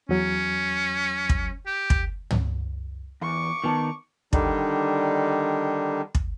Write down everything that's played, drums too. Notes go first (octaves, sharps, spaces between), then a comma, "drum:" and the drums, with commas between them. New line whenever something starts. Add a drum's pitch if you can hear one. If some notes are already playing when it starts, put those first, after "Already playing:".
E2 F#3 C#4
drum: kick
G4
drum: kick
drum: tom
E2 C#6 D6
D#3 B3 D5 A5
D3 D#3 G3 D4 D#4, drum: kick
drum: kick